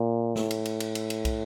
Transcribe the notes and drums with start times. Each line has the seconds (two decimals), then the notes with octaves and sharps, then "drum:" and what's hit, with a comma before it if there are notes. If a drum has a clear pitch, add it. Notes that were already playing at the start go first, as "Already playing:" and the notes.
Already playing: A#2
0.36 A2, drum: snare
0.51 drum: cymbal
0.65 drum: cymbal
0.80 drum: cymbal
0.95 drum: cymbal
1.10 drum: cymbal
1.25 drum: kick, cymbal